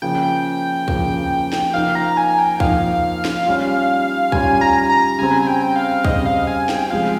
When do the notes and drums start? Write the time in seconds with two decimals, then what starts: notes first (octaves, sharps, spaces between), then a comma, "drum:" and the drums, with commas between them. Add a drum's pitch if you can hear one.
0.02 C#3 F3 A#3 G5
0.88 C#3 F3 A#3, drum: kick C2
1.53 drum: snare
1.74 F3 A#3 D#4 F5
1.95 A#5
2.17 G#5
2.39 G5
2.60 F3 A#3 D#4 F5, drum: kick C2
3.25 drum: snare
3.46 G3 C#4 F4
4.32 G3 C#4 F4 G#5, drum: kick C2
4.61 A#5
4.90 A#5
5.19 C#3 G3 C4 G#5
5.47 G5
5.76 F5
6.05 C#3 G3 C4 D#5, drum: kick C2
6.26 F5
6.47 G#5
6.69 G5, drum: snare
6.90 F3 G#3 C4 F5